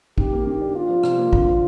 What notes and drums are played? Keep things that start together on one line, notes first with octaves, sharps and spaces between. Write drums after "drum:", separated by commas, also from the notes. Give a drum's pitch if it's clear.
D#3 G4, drum: kick
A#3
D#3 G4
D4
D4 F4
F3
C3, drum: rim click
A#3
D3, drum: kick
F3